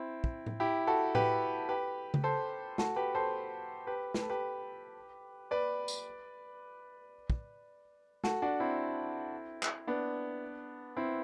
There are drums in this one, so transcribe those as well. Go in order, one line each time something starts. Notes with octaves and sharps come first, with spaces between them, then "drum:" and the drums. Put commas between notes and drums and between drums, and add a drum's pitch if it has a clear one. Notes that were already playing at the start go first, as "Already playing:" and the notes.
Already playing: C4 E4
drum: kick
drum: tom A2
E4 G4
F#4 A4
G4 B4, drum: tom A2
G4 B4
drum: tom C#3
A4 C5
F#4 A4, drum: snare
G4 B4
A4 C5
G4 B4
B4, drum: snare
A4
G4 B4
B4 D5
drum: tambourine
drum: kick
F#4 A4, drum: snare
D4 F#4
C4 E4
drum: clap
B3 D4
C4 E4